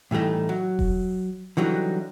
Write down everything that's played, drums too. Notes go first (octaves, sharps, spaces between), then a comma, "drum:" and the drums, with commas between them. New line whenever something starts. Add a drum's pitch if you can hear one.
A2 E3 G3 A3 D#4
F#3
drum: kick E1
D3 E3 F#3 G3 D#4